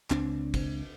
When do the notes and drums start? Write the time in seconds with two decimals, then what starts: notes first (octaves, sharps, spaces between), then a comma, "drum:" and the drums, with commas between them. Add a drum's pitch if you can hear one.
0.10 C#2 C4 D4, drum: clap
0.54 drum: kick, cymbal